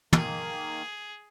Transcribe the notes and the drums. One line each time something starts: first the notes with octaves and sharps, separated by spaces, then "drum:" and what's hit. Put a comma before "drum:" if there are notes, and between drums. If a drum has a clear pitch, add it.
D#3 A#3 G#4, drum: tom